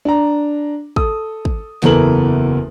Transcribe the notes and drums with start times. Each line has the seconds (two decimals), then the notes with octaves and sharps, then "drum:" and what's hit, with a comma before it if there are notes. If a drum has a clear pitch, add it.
0.05 D4 A#5
0.96 A4 D#6, drum: kick
1.45 drum: kick
1.82 F#1 E2 E3 A4 A#4 F#7, drum: snare